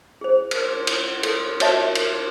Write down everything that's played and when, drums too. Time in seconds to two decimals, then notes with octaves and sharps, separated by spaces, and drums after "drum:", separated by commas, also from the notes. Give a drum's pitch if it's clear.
0.21 G#4 C5
0.51 drum: cymbal
0.87 drum: cymbal
1.23 A4, drum: cymbal
1.60 F#4 G4 C#5 D#5 E5 A5, drum: cymbal
1.95 drum: cymbal